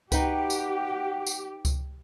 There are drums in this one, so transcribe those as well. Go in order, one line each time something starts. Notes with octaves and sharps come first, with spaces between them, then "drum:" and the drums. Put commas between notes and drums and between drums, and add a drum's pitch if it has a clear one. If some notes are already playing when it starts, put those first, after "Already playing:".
D#4 F#4 G4 B4 F#5 G5, drum: kick C#2, tambourine
drum: tambourine
drum: tambourine
drum: kick C#2, tambourine